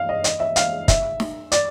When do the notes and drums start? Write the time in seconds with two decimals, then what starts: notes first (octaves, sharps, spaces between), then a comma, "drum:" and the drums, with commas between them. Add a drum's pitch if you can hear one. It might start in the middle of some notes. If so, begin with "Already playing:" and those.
Already playing: F5
0.09 D#5
0.24 D#5, drum: hi-hat
0.40 E5
0.56 F5, drum: hi-hat
0.88 E5, drum: kick, hi-hat
1.20 drum: snare
1.52 D5, drum: hi-hat